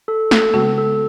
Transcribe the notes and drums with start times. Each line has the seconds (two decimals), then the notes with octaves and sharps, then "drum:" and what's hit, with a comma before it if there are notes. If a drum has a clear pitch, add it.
0.08 A4
0.31 A4, drum: snare
0.54 C#3 G#3 B3 F#4
0.78 A4